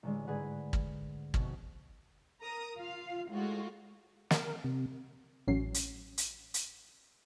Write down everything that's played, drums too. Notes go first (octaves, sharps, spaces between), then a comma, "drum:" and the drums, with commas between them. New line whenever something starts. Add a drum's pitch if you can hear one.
A1 D3 G#3
G#2 D3 G#4 B4 F#5
drum: kick
F1 B2, drum: kick
A#4 A#5 D#6
F4 F5
A2 G#3 F4 F#4
A#4, drum: snare
C3
A1 A2 F#3 C#4 C7
drum: hi-hat
drum: hi-hat
drum: hi-hat